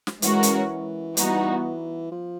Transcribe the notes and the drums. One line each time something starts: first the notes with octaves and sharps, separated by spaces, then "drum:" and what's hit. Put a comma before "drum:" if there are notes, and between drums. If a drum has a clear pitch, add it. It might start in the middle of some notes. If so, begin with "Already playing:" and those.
drum: snare
E3 G#3 C#4 F#4 A#4, drum: hi-hat
drum: hi-hat
G3 B3 D#4 F#4, drum: hi-hat
F3